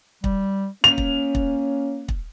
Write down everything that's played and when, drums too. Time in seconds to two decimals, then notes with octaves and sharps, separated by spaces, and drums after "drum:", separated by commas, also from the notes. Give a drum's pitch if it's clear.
0.24 G3, drum: kick
0.84 A#3 C#4 F7
0.98 drum: kick
1.35 drum: kick
2.08 drum: kick